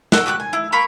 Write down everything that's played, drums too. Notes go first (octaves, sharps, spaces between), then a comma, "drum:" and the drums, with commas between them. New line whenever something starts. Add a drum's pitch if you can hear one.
F#4 A4 A#4, drum: snare
F#4 G4 D6 F#6
G#5
E4
A#3 A#5 B5 C#6